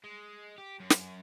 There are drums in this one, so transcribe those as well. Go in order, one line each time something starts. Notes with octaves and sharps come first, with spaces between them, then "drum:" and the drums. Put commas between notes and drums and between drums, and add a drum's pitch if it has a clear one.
G#3
G4
F#2
drum: snare